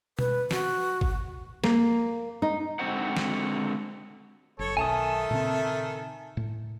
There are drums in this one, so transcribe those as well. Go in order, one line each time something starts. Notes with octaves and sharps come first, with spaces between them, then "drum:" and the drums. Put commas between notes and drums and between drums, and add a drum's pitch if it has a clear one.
B4, drum: tom B2
F#4, drum: snare
drum: kick
A#3, drum: snare
D#4
D3 G#3 C4 F#4 C5 F#5
drum: snare
F#1 A4 C#5
B1 D#3 A4 E5 G#5 A5 D#6
A#2 C#3 C4
A2